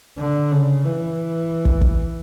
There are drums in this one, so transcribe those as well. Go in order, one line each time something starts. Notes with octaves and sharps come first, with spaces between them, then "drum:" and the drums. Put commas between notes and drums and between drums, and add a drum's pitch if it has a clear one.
D3
C#3
E3
drum: kick
drum: kick